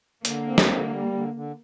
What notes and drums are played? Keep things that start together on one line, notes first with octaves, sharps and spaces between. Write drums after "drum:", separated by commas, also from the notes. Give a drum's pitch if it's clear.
D3 A#3, drum: hi-hat
C4
drum: snare
D3
G3
D3
D3